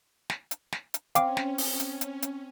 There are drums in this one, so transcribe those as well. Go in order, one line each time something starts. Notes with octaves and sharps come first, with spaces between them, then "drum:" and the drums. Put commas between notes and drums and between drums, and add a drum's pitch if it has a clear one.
drum: snare
drum: hi-hat
drum: snare
drum: hi-hat
C4 C#4 F5 G5 D6, drum: hi-hat
drum: snare
drum: open hi-hat
drum: hi-hat
drum: hi-hat
drum: hi-hat